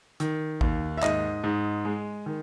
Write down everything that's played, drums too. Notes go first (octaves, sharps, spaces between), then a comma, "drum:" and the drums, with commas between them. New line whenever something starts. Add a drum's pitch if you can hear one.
D#3, drum: hi-hat
D#2, drum: kick A1
E5
G#2 D#5, drum: clap
G#2
G#3
D#3